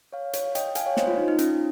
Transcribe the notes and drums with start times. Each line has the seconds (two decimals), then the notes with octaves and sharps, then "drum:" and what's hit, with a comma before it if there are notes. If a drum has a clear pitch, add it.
0.13 C#5 F5
0.33 C#5 F5, drum: hi-hat
0.55 D#5 G5, drum: hi-hat
0.75 F5 G#5, drum: hi-hat
0.86 C#5 F5
0.97 C5 D#5, drum: snare
1.07 F4
1.17 D#4
1.28 D#4
1.39 C#4, drum: hi-hat